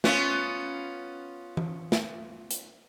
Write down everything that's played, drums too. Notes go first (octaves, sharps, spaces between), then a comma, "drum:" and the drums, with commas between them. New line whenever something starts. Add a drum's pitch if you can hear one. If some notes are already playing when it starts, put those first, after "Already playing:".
B3 C#4 F4, drum: snare
drum: tom E3
drum: snare
drum: hi-hat